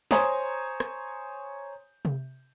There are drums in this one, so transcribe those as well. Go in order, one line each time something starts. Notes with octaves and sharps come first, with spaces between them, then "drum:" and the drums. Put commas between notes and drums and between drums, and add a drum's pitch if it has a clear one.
C5 C#5 G#5 A#5 D#6, drum: snare
drum: rim click
drum: tom C3